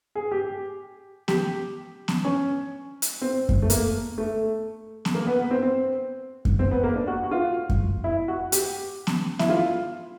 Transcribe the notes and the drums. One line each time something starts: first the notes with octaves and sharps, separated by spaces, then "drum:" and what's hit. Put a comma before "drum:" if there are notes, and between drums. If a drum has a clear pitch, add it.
G#4
G4
G4, drum: snare B3
drum: snare B3
C#4
drum: hi-hat
C4
drum: kick F#2
A3
A#3, drum: hi-hat
A3
drum: snare B3
A#3
B3
B3
C4
C4
drum: kick F#2
C4
B3
A#3
D4
F#4
F#4
F4
drum: kick F#2
E4
F#4
G4, drum: hi-hat
drum: snare B3
E4, drum: snare B3
F4